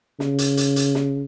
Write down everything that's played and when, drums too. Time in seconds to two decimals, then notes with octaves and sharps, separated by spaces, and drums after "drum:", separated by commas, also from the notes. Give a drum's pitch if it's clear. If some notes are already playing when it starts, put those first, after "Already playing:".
0.20 C#3, drum: snare
0.38 drum: hi-hat
0.57 drum: hi-hat
0.76 drum: hi-hat
0.95 drum: snare